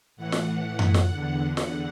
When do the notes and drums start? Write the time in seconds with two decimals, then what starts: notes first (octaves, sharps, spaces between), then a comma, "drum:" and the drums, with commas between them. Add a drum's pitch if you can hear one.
0.17 A2 E3 F#5
0.32 drum: snare
0.79 drum: tom F#2
0.94 drum: snare
1.09 E2 D3
1.57 F#5, drum: snare